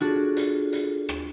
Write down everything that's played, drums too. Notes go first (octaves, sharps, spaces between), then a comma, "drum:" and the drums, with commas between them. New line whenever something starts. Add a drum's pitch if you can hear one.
D4 F4 F#4 G#4 A4
drum: hi-hat
drum: hi-hat
drum: rim click